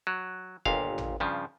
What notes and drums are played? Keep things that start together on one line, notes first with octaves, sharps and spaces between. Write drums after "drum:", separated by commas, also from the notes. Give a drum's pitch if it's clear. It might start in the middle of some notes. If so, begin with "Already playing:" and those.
F#3
G1 D#2 A#2 F5, drum: kick F1
drum: tom
G2 C#3 F3